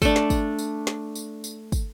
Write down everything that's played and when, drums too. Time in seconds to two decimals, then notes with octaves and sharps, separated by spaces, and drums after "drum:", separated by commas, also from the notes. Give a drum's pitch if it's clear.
0.02 A3 D4, drum: kick, tambourine
0.16 drum: snare
0.30 drum: kick, tambourine
0.59 drum: tambourine
0.87 drum: snare
1.15 drum: tambourine
1.44 drum: tambourine
1.72 drum: kick, tambourine